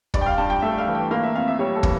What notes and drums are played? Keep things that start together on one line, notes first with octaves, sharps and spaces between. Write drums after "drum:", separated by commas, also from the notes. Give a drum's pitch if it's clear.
G2 D5, drum: kick
G5
F5
G2 A5
G5
A3 E5
F5
E3
G5
A#3 F5
E5
F2 F5
E5
G3 C#5
A4
E3, drum: kick